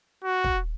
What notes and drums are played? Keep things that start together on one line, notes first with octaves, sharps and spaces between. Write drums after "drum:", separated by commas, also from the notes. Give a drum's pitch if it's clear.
F#4
drum: kick